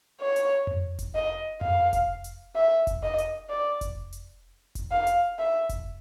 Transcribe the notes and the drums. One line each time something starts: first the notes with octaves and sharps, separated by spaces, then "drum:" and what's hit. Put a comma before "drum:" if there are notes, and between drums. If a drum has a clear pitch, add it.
C#5
drum: hi-hat
drum: tom F2
drum: kick F1, hi-hat
D#5
F5, drum: tom F2
drum: kick F1, hi-hat
drum: hi-hat
E5
drum: kick F1, hi-hat
D#5
drum: hi-hat
D5
drum: kick F1, hi-hat
drum: hi-hat
drum: kick F1, hi-hat
F5
drum: hi-hat
E5
drum: kick F1, hi-hat